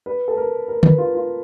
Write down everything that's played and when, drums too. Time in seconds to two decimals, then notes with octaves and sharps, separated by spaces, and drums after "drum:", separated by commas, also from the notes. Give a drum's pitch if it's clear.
0.06 B4
0.28 A4
0.37 A#4
0.68 A#4
0.83 B4, drum: tom
0.98 F4
1.15 F4